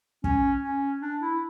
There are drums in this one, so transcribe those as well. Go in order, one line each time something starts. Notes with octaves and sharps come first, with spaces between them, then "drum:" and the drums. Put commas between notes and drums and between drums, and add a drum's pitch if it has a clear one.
C#4, drum: kick
C#4
D4
E4